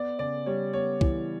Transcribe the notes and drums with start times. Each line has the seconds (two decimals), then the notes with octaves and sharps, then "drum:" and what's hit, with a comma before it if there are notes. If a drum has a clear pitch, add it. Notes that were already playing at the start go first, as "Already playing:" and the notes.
Already playing: B3 D5
0.19 C#3 D5
0.46 G3 C#5
0.73 B3 C#5
1.01 E3, drum: kick